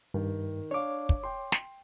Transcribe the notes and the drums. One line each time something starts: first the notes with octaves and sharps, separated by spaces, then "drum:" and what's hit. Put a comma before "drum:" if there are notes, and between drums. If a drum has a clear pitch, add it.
G2 D#3
D4 C#5 F5 D6
drum: kick
G5 C6
drum: snare